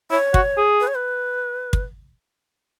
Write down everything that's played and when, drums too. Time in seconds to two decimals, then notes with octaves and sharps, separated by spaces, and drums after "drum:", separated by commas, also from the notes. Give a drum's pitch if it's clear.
0.11 E4 C#5
0.34 F#4, drum: kick
0.58 G#4
0.80 B4
0.87 C#5
0.95 B4
1.73 drum: kick